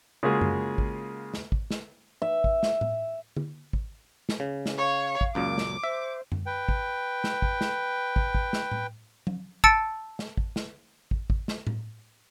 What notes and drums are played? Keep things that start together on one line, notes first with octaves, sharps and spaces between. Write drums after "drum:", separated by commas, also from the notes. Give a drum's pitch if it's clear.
C#3 G#3 A#3 F4 F#4 G#4
drum: tom F#2
drum: kick
drum: snare
drum: kick
drum: snare
E5
drum: kick
drum: snare
drum: tom A2
drum: tom D3
drum: kick
drum: snare
C#3
drum: snare
C#5 F5
drum: kick
C#2 F#2 A#2 D6
drum: snare
C5 E5
drum: tom F#2
B4 G5
drum: kick
drum: snare
drum: kick
drum: snare
drum: kick
drum: kick
drum: snare
drum: tom A2
drum: tom F#3
A5 E6 A6 C#7 D7, drum: kick
drum: snare
drum: kick
drum: snare
drum: kick
drum: kick
drum: snare
drum: tom A2